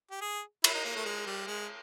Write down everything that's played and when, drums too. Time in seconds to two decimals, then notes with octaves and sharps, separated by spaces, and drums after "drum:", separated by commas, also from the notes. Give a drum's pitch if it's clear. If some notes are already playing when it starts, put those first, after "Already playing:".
0.11 G4
0.21 G#4
0.64 E4, drum: cymbal
0.74 D#4
0.85 A#3
0.96 A3
1.06 G#3
1.26 G3
1.47 G#3